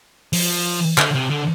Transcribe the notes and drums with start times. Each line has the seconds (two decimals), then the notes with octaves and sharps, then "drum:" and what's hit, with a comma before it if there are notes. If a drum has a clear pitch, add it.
0.33 F3, drum: open hi-hat
0.98 D3, drum: clap
1.14 C3
1.30 D3